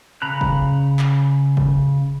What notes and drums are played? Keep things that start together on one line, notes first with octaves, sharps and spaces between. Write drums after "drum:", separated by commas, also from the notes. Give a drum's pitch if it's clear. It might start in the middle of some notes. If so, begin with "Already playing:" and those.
C#3 A#5 B5 F#6
drum: kick
drum: clap
drum: kick